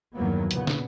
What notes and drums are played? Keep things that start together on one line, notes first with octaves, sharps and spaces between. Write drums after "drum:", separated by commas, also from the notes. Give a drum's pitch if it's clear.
E2 G2 D#3 F#3 A#3 B3
A#2 C#3 B3, drum: hi-hat
drum: snare